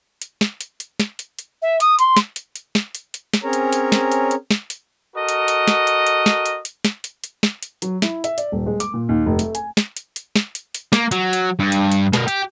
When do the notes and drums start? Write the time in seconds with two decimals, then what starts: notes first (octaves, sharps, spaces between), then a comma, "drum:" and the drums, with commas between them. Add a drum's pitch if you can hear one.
0.22 drum: hi-hat
0.41 drum: snare
0.61 drum: hi-hat
0.80 drum: hi-hat
1.00 drum: snare
1.19 drum: hi-hat
1.39 drum: hi-hat
1.62 E5
1.80 D#6, drum: hi-hat
1.99 C6, drum: hi-hat
2.17 drum: snare
2.36 drum: hi-hat
2.56 drum: hi-hat
2.75 drum: snare
2.95 drum: hi-hat
3.14 drum: hi-hat
3.34 drum: snare
3.43 C4 C#4 G#4 A#4 C#5 A#5
3.53 drum: hi-hat
3.73 drum: hi-hat
3.92 drum: snare
4.12 drum: hi-hat
4.31 drum: hi-hat
4.51 drum: snare
4.70 drum: hi-hat
5.15 F#4 A4 A#4 D#5
5.29 drum: hi-hat
5.48 drum: hi-hat
5.68 drum: snare
5.87 drum: hi-hat
6.07 drum: hi-hat
6.26 drum: snare
6.46 drum: hi-hat
6.65 drum: hi-hat
6.85 drum: snare
7.04 drum: hi-hat
7.24 drum: hi-hat
7.43 drum: snare
7.63 drum: hi-hat
7.82 F#3, drum: hi-hat
8.02 E4, drum: snare
8.24 E5, drum: hi-hat
8.38 D5, drum: hi-hat
8.52 D#1
8.66 G#3
8.80 D6, drum: hi-hat
8.94 A#2
9.09 D#2
9.26 F1
9.39 A3, drum: hi-hat
9.55 G#5, drum: hi-hat
9.77 drum: snare
9.97 drum: hi-hat
10.16 drum: hi-hat
10.36 drum: snare
10.55 drum: hi-hat
10.75 drum: hi-hat
10.93 A#3, drum: snare
11.11 F#3, drum: hi-hat
11.33 drum: hi-hat
11.59 G2
11.72 drum: hi-hat
11.92 drum: hi-hat
12.13 B2 A#4, drum: snare
12.28 G4, drum: hi-hat